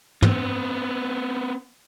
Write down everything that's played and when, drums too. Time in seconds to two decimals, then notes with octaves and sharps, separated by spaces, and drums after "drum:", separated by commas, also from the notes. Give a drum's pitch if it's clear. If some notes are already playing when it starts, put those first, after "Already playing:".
0.22 B3 C4, drum: tom